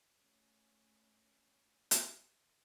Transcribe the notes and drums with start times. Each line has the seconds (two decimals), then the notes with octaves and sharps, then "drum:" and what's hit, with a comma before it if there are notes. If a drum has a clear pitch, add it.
0.17 A3 C#4
1.91 drum: hi-hat